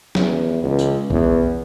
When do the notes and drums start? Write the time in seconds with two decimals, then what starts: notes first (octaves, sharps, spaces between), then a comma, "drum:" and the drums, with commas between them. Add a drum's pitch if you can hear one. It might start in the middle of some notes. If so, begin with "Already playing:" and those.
0.15 E2, drum: snare
0.63 C#2
0.79 drum: tambourine
1.10 E2, drum: kick